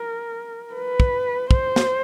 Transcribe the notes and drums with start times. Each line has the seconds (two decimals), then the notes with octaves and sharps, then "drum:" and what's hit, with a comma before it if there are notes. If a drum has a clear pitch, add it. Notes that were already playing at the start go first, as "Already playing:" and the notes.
Already playing: A#4
0.74 B4
1.00 drum: kick
1.51 C5, drum: kick
1.76 drum: snare